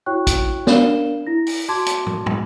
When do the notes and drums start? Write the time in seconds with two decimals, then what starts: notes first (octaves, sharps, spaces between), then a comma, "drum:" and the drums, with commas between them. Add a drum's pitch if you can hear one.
0.06 E4 F#4 C#5 G5 C#6 F#6
0.27 drum: kick, hi-hat
0.67 D4 A#4 D5 F5 E7 G7, drum: snare B3
1.27 E4 A#6
1.47 drum: open hi-hat
1.69 F#4 A5 C6 D6 G#6
1.86 drum: hi-hat
2.06 drum: tom
2.26 drum: tom